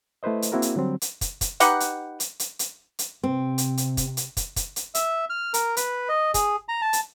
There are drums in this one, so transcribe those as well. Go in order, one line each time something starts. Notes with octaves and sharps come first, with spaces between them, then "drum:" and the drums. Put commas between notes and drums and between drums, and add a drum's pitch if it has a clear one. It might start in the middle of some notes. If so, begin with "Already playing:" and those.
A3 E4 B4 C5 D#5
drum: hi-hat
A#3 C4 E4 F#4 G#4 A#4
drum: hi-hat
D3 F#3 G3 C4
drum: hi-hat
drum: kick, hi-hat
drum: kick, hi-hat
D#4 G4 B4 F#5, drum: hi-hat
drum: hi-hat
drum: hi-hat
drum: hi-hat
drum: hi-hat
drum: hi-hat
C3 C4
drum: hi-hat
drum: hi-hat
drum: kick, hi-hat
drum: hi-hat
drum: kick, hi-hat
drum: kick, hi-hat
drum: hi-hat
E5, drum: hi-hat
F6
A#4, drum: hi-hat
B4, drum: hi-hat
D#5
G#4, drum: kick, hi-hat
A#5
A5
drum: hi-hat